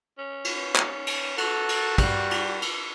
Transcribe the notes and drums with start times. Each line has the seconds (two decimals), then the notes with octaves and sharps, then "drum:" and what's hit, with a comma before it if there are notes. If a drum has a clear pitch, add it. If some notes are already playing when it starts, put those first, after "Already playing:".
0.18 C#4
0.45 drum: cymbal
0.56 C#4
0.76 drum: clap
1.07 drum: cymbal
1.38 F#4 A4, drum: cymbal
1.69 drum: cymbal
1.98 G3, drum: kick, cymbal
2.31 drum: cymbal
2.62 drum: cymbal